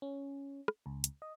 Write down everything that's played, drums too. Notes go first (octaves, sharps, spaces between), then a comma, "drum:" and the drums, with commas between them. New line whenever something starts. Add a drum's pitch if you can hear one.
C#4
drum: rim click
C#2
drum: hi-hat
D#5